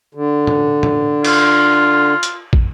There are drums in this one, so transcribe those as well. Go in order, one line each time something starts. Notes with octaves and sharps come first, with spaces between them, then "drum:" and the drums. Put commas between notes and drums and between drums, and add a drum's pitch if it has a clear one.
D3
drum: tom
drum: tom
F4, drum: cymbal
drum: hi-hat
drum: kick